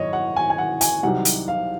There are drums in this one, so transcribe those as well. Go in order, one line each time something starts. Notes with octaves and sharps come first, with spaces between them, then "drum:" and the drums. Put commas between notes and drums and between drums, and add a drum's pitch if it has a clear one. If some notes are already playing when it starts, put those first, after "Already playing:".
Already playing: G#1 F#2 C#5 D#5
F#5
G#5
G#5
F#5
G#5, drum: hi-hat
C2 C3 D#3 F#3 F#5
drum: hi-hat
F5